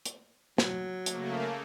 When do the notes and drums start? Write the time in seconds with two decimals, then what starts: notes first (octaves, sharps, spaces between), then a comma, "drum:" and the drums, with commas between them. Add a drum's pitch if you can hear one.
0.06 drum: hi-hat
0.58 F#3, drum: snare
1.06 C#3 A3 A#3, drum: hi-hat